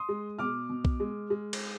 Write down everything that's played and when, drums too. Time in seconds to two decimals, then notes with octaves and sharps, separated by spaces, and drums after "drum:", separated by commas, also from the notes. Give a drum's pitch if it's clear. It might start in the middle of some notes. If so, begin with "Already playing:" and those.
Already playing: C6 D#6
0.09 G#3
0.39 B2 D6 F6
0.70 B2
0.85 drum: kick B1
1.00 G#3
1.30 G#3
1.53 drum: cymbal